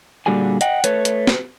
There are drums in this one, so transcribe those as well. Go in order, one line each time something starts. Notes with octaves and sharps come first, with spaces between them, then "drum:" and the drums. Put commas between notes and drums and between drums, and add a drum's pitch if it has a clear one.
A#2 D3 G3 F#4 G#4 G#5
D#5 F#5 G5, drum: hi-hat
A3 B4 C#5, drum: hi-hat
drum: hi-hat
drum: snare